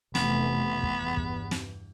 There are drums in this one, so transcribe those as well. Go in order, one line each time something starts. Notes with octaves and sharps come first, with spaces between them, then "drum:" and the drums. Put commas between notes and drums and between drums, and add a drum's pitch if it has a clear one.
F1 E3 A3 B3, drum: snare
drum: kick
E2 G2
drum: kick
drum: snare